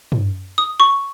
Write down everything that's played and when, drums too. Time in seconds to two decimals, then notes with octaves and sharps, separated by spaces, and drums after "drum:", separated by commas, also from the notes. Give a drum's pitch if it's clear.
0.12 drum: tom
0.58 D#6
0.80 C#6